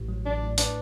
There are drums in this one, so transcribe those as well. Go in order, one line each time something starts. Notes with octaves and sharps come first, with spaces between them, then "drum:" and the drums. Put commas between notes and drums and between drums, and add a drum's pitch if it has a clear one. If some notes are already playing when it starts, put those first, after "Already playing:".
Already playing: A1 A2
F#3
A1 D4
A2
D4 B4, drum: hi-hat